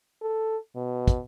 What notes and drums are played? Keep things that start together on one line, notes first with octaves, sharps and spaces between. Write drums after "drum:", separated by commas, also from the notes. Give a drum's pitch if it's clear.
A4
B2
drum: kick, hi-hat